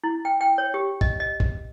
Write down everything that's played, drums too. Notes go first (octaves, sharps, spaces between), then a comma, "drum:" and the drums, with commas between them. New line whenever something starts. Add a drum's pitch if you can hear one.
E4
G5
G5
C#5
G4
D#5, drum: kick
D#5
drum: kick